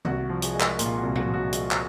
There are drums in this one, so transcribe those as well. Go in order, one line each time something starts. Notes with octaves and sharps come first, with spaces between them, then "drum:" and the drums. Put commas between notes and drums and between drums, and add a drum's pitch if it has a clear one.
C2 F#4, drum: tom D#3
F3
G#4, drum: hi-hat
G#3
A#4, drum: clap
A#2, drum: hi-hat
F4
F#4
C2
F#4, drum: tom A2
F3
F#4
G#3, drum: hi-hat
drum: clap